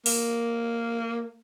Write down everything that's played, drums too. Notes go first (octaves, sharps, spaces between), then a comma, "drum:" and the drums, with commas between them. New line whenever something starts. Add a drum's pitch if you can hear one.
A#3, drum: open hi-hat